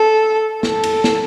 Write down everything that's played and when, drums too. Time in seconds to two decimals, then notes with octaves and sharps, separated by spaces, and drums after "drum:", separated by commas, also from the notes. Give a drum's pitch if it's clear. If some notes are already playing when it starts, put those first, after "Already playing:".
Already playing: A4
0.63 A4, drum: snare
0.83 drum: cymbal
1.04 drum: snare